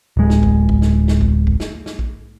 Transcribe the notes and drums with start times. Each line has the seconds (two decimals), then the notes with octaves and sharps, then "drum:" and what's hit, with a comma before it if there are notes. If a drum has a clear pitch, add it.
0.17 D1 G#3
0.30 drum: snare
0.43 drum: kick A#1
0.69 drum: kick A#1
0.82 drum: snare
1.08 drum: snare
1.21 drum: kick A#1
1.47 drum: kick A#1
1.60 drum: snare
1.86 drum: snare
1.99 drum: kick A#1